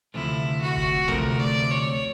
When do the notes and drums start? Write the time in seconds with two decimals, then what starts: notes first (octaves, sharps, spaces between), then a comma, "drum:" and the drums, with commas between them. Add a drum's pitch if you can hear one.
0.14 D2 C3 F3 A3 E4
0.62 F#4
0.77 drum: kick
1.08 D2 C3 F3 A3 A#4, drum: tom A#1
1.40 D5
1.71 C#5